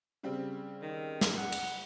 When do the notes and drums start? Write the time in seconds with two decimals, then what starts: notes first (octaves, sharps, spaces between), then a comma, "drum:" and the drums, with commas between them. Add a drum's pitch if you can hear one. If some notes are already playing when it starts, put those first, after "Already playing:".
0.23 C#3 G3 C4
0.82 D#3
1.21 drum: snare
1.37 F#5
1.52 drum: cymbal